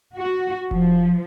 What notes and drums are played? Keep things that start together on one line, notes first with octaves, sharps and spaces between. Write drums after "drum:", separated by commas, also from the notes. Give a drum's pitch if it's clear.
F#4
F3, drum: kick F1